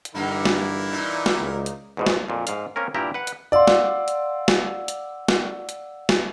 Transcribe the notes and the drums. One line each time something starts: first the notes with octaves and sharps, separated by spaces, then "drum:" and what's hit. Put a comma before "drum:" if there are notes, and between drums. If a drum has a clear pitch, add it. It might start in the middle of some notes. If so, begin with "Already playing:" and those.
drum: hi-hat
G2 D3 E3 A#3 D#4 E4 A#4
drum: snare
A#2 D#4
drum: snare
C#2
drum: hi-hat
E2 G#2 B2
drum: snare
F2 A#2
G#2 F5, drum: hi-hat
A#3 C4 C#4 A#4
G2 A#2 E4 G4 A#4 A#5
B4 F#5
drum: hi-hat
D5 F5 F#5 C6 E6
drum: snare
drum: hi-hat
drum: snare
drum: hi-hat
drum: snare
drum: hi-hat
drum: snare